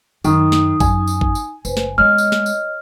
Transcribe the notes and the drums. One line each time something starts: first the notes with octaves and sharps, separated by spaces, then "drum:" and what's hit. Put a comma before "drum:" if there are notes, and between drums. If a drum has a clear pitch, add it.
F#2 D#3 D#4 D#6, drum: tambourine
drum: snare
F#2 F#3 G#5, drum: kick, tambourine
drum: tambourine
drum: kick
drum: tambourine
F#1 B4 C5, drum: tambourine
drum: snare
G#3 B3 C#5 D#5 F6
drum: tambourine
drum: snare
drum: tambourine